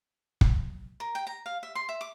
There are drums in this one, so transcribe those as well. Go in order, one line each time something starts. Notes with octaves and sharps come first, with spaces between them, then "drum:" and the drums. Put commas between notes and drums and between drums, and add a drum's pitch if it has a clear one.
drum: kick
A#4
G5
A#5
F5
E5
C6
E5
D6